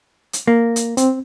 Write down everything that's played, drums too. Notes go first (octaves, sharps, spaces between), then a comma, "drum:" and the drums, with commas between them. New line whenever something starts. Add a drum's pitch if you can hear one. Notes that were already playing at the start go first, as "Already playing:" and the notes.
drum: hi-hat
A#3
drum: hi-hat
C4, drum: hi-hat